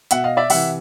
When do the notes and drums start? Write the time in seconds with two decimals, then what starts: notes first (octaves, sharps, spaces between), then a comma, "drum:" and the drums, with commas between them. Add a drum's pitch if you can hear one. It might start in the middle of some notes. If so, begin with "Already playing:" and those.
0.11 B2 E5 F#5, drum: hi-hat
0.24 D#5 F5
0.37 D5 E5
0.50 C3 E3 E5 F#5, drum: open hi-hat